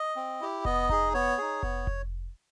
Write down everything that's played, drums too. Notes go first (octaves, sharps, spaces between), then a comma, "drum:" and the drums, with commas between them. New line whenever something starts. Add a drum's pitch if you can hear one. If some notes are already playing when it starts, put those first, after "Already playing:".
Already playing: D#5
C4
E4 G4
B3 D#5, drum: kick F1
D#4 G#4, drum: kick F1
B3 C#5
D#4 G#4
B3, drum: kick F1
drum: kick F1